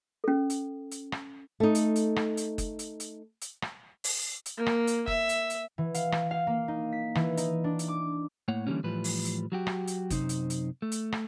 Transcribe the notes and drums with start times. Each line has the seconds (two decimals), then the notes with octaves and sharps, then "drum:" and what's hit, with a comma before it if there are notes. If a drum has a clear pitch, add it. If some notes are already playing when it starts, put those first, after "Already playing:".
0.24 C#4 A4
0.50 drum: hi-hat
0.91 drum: hi-hat
1.12 drum: rim click
1.60 A3 D#4
1.75 drum: hi-hat
1.96 drum: hi-hat
2.16 drum: rim click
2.37 drum: hi-hat
2.58 drum: kick F#1, hi-hat
2.79 drum: hi-hat
3.00 drum: hi-hat
3.41 drum: hi-hat
3.62 drum: rim click
4.04 drum: open hi-hat
4.46 drum: hi-hat
4.57 A#3
4.66 drum: rim click
4.87 drum: hi-hat
5.07 E5, drum: kick F#1
5.29 drum: hi-hat
5.50 drum: hi-hat
5.78 E3
5.94 F5, drum: hi-hat
6.12 drum: rim click
6.31 F5
6.47 A#3
6.68 D#4
6.92 B6
7.15 E3, drum: rim click
7.37 D#4, drum: hi-hat
7.64 D4
7.79 drum: hi-hat
7.88 D6
8.48 A2 A#3 C#5 F#5
8.67 D3 E3 F3 G3 A#3 C#4
8.83 A2 E3 F3 G3 B4
9.04 drum: open hi-hat
9.25 drum: hi-hat
9.52 F#3 F#4 G4
9.67 drum: rim click
9.87 drum: hi-hat
10.10 F#2 C3 D#4 C5, drum: kick F#1, hi-hat
10.29 drum: hi-hat
10.50 drum: hi-hat
10.82 A3
10.92 drum: hi-hat
11.12 drum: rim click